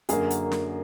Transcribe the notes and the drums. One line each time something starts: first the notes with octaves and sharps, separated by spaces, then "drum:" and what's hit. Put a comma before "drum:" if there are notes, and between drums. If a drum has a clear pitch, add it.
F#2 D3 F#3 A#3 G#4, drum: hi-hat
drum: hi-hat
drum: snare